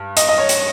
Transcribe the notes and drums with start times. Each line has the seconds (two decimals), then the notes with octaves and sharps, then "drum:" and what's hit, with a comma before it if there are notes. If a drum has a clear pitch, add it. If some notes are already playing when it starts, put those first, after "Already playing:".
Already playing: G2
0.17 D#5, drum: hi-hat
0.29 D#5
0.38 C#5
0.49 drum: hi-hat